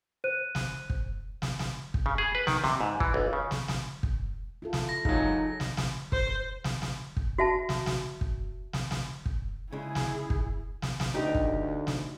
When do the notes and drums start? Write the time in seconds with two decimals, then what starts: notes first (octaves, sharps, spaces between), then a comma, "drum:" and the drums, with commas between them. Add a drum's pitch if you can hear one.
0.24 C5 F#6 D#7
0.55 drum: snare
0.90 drum: kick
1.42 drum: snare
1.59 drum: snare
1.94 drum: kick
2.06 C#3
2.18 G#4
2.35 B4
2.47 D#3, drum: snare
2.64 C3, drum: snare
2.81 G#2
3.00 E3, drum: kick
3.14 B1
3.33 C#3
3.51 drum: snare
3.68 drum: snare
4.03 drum: kick
4.62 E4 F4 A4
4.73 drum: snare
4.89 A#6
5.05 C#2 F#3 D#4 G#4, drum: kick
5.60 drum: snare
5.77 drum: snare
6.12 C5, drum: kick
6.64 drum: snare
6.82 drum: snare
7.17 drum: kick
7.38 F#4 E5 A5
7.69 drum: snare
7.86 drum: snare
8.21 drum: kick
8.73 drum: snare
8.91 drum: snare
9.26 drum: kick
9.72 C#3 G#3 E4 G#4
9.95 drum: snare
10.30 drum: kick
10.82 drum: snare
11.00 drum: snare
11.14 D2 D#4 G4
11.35 drum: kick
11.87 drum: snare